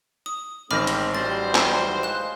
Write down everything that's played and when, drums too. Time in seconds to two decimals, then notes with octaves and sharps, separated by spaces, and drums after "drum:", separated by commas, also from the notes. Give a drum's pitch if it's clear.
0.26 D#6
0.71 A1 D#3 G#3 C4 B5 D6 F6 A#6
0.87 drum: hi-hat
1.15 E3 F#3 G3 C5 A6
1.55 drum: clap
2.03 D#2 G#3 F5 F#6 E7